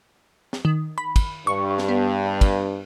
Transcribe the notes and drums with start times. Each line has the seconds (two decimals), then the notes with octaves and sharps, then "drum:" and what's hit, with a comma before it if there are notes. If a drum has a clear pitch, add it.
0.53 drum: snare
0.65 D#3
0.98 B5
1.16 drum: kick, cymbal
1.47 G2 C#6
1.78 drum: snare
1.89 B3
2.41 drum: kick, cymbal